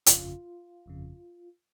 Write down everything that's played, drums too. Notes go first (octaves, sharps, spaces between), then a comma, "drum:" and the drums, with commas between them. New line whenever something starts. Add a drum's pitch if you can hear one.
G1 F2 C#3 F4, drum: hi-hat
G1 F2 C#3